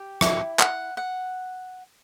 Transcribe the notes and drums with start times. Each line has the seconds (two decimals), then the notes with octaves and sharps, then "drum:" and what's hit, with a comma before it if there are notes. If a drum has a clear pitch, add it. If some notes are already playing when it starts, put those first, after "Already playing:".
Already playing: G4
0.21 E4, drum: rim click
0.59 F#5, drum: clap
0.97 F#5